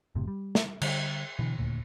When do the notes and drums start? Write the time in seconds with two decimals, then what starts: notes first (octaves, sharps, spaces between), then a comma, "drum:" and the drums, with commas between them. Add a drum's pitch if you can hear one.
0.15 F#1 A2 C3
0.28 G3
0.55 drum: snare
0.82 D3 G3, drum: cymbal
1.39 B2 D3 E3
1.59 D#1 D2 A#2